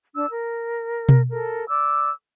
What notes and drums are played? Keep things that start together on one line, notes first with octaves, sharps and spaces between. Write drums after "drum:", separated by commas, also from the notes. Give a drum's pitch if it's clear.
D4 E6
A#4
drum: tom B2
A4 A#4
D5 D6 E6